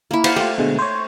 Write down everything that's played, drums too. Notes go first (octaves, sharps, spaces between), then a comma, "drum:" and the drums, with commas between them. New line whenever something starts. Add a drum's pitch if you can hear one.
A#3 E4
C5 F5 F#5, drum: cymbal
A3 F4 G4
B2 D3 G#3
C5 C#5